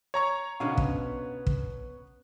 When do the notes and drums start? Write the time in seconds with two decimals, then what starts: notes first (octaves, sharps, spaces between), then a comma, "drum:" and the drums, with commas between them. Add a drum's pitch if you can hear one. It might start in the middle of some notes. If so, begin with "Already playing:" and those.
0.14 C#5 A#5 C#6
0.60 B2 D3 B3 C#4 F5
0.78 drum: kick
1.47 drum: kick